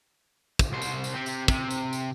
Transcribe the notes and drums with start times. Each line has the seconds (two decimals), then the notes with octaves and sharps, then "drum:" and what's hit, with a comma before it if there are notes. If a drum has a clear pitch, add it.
0.59 drum: kick, tambourine
0.73 C2 C5
0.82 drum: tambourine
1.04 drum: tambourine
1.15 C4 G4
1.26 drum: tambourine
1.48 C3, drum: kick, tambourine
1.70 drum: tambourine
1.93 drum: tambourine